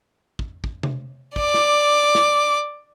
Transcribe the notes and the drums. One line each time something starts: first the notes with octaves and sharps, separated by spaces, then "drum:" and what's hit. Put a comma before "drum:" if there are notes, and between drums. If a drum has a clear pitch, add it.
drum: kick
drum: kick
drum: tom C3
D5 D6, drum: kick
drum: snare
drum: snare